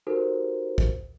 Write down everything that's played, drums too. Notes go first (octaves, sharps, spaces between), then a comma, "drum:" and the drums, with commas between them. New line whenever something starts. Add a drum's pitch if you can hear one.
D#4 F#4 G4 A4 A#4 C5
drum: kick